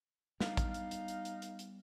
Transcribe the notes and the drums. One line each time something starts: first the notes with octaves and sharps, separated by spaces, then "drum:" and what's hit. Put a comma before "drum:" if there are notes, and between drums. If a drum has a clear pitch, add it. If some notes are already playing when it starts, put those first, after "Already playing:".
G3 B3 D4 D#4 F5, drum: snare
drum: kick, hi-hat
drum: hi-hat
drum: hi-hat
drum: hi-hat
drum: hi-hat
drum: hi-hat
drum: hi-hat